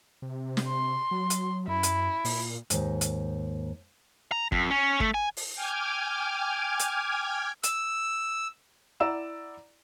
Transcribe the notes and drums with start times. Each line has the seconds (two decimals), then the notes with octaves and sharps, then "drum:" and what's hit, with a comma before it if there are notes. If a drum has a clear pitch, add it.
0.22 C3
0.57 drum: snare
0.69 C6
1.11 F#3
1.30 drum: hi-hat
1.68 F#2 E4
1.83 drum: hi-hat
2.25 A#2, drum: open hi-hat
2.70 D#2 G#2, drum: hi-hat
3.01 drum: hi-hat
4.32 A#5
4.52 F2, drum: kick
4.71 C#4
5.00 A3, drum: kick
5.14 G#5
5.37 drum: open hi-hat
5.55 G5 G#5 D6 F6 G#6
6.79 drum: hi-hat
7.63 E6, drum: hi-hat
9.00 E4 D5 F#5 A#5 E6 E7